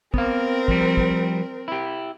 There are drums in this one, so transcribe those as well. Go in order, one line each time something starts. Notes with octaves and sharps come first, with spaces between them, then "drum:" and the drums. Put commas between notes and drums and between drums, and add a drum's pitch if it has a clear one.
B3 C4 A#4 F5, drum: kick
F3 G3, drum: kick
drum: kick
E4 G4